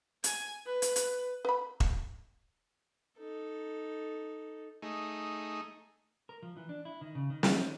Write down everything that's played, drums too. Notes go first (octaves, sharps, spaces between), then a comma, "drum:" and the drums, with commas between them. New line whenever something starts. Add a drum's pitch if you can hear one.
G#5, drum: hi-hat
B4
drum: hi-hat
drum: hi-hat
B4 B5
drum: kick E1
D#4 A4
A3 D#4 G#4
A#4
F3
E3
D4
E4
D#3
C#3
D#3
A3, drum: snare
D#3